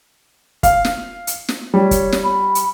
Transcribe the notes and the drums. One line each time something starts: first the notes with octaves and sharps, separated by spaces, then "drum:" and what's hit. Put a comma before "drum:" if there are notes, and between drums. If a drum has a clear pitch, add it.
F5, drum: kick, hi-hat
drum: snare
drum: hi-hat
drum: snare
G3 C#5
drum: kick, hi-hat
drum: snare
B5
drum: hi-hat